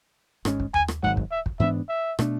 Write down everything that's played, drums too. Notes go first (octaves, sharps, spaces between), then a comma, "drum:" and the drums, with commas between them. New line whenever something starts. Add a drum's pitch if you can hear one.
G#1 G#2 G#3 C#4, drum: rim click
drum: kick
G#5, drum: tom D#2
drum: rim click
G#1 G#2 F#3 F#5
drum: kick
E5
drum: kick
G#2 E3 B3 D4 E5
E5
B2 A3 D4, drum: rim click